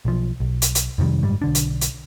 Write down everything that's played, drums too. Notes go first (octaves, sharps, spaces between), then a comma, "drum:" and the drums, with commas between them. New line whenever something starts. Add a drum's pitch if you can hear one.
B1 F3
B1
drum: hi-hat
drum: hi-hat
F2 C3 D#3 G3
F#1 G#2 G3
B1 D3 D4
drum: hi-hat
drum: hi-hat